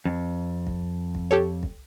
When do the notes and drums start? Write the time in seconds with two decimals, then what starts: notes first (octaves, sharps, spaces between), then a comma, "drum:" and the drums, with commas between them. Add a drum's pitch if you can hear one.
0.05 F2
0.67 drum: kick
1.15 drum: kick
1.31 G4 A4 C#5
1.63 drum: kick